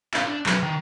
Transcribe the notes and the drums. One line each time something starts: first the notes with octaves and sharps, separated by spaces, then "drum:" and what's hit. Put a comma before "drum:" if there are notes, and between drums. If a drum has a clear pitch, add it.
E4 F5, drum: clap
D4
F#3 B4, drum: clap
D#3